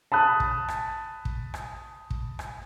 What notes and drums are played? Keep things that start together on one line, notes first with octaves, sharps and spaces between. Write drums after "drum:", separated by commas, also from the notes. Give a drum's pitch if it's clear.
A5 B5 D#6 F#6
drum: kick
drum: rim click
drum: kick
drum: rim click
drum: kick
drum: rim click